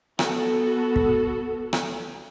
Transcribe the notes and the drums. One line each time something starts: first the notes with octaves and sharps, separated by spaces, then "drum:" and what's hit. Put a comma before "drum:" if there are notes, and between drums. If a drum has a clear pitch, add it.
B3 F#4 A4, drum: rim click
drum: kick
drum: rim click